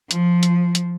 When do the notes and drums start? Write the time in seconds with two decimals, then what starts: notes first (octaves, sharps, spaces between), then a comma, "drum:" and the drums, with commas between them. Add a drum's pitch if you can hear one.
0.11 F3, drum: hi-hat
0.43 drum: hi-hat
0.75 drum: hi-hat